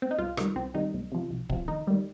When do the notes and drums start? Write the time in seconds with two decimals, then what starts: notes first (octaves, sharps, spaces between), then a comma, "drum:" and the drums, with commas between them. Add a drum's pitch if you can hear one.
0.02 C4
0.11 D#4
0.18 C2 F4
0.37 C3 D#3 G3, drum: rim click
0.56 C2 C4
0.74 C3 D#3 G3 D#4
0.94 C2
1.12 C3 F3
1.31 C2
1.50 C3 F3, drum: kick
1.68 D#2 D#4
1.87 D#3 G3